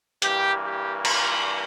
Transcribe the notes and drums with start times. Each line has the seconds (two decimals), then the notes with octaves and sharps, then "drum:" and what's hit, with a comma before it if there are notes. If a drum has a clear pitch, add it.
0.22 G2 E3 A#3 G4, drum: hi-hat
0.63 G4
1.05 F4, drum: cymbal